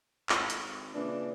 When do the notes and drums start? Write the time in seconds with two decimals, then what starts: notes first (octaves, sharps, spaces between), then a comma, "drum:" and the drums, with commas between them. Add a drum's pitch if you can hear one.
0.29 G#1, drum: clap
0.50 drum: hi-hat
0.95 A#2 C#3 E3 D4